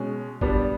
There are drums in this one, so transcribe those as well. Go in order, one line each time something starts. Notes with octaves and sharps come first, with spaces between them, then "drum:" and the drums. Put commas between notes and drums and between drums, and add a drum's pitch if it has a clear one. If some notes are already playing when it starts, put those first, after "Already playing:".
Already playing: B2 G#3 C#4
G3 B3 D4, drum: kick G#1